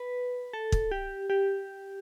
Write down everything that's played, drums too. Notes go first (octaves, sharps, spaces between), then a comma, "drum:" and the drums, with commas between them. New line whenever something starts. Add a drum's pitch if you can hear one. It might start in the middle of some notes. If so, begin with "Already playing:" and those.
Already playing: B4
A4
drum: kick
G4
G4